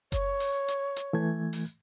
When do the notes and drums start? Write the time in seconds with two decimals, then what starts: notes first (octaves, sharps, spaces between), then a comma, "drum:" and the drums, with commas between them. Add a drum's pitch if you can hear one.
0.12 C#5, drum: kick F#1, hi-hat
0.40 drum: open hi-hat
0.68 drum: hi-hat
0.96 drum: hi-hat
1.13 E3 A3 G#6
1.53 drum: open hi-hat